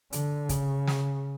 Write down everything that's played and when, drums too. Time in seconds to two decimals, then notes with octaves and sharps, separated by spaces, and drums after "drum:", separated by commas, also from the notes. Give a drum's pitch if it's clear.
0.13 D3, drum: hi-hat
0.49 C#3, drum: kick, hi-hat
0.87 drum: snare